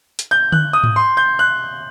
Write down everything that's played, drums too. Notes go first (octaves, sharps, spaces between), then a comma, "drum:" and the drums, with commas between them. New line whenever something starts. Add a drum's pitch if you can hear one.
drum: hi-hat
G6
F#6, drum: tom D3
D#6
drum: tom G#2
C6
G6
F#6